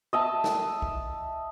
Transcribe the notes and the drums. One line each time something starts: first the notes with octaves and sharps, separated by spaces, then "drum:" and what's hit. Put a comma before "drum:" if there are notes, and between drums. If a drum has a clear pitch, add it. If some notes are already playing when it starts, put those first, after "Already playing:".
D#5 E5 A5
drum: snare
drum: kick